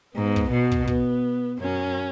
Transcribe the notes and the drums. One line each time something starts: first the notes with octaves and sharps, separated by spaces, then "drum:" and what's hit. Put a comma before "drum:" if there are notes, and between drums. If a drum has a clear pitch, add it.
G#2 B3
drum: kick
B2
drum: kick
B3, drum: kick
F#2 C#4